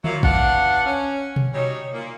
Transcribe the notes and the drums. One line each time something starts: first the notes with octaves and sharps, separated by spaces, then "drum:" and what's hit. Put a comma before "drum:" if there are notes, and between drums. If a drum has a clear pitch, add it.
A#2 F#3 E4 F4 E5 F5, drum: tom D3
B2 D4 D5 F5 F#5, drum: kick
C#4
drum: tom B2
F#3 G3 D#4 C#5
A#2 A#3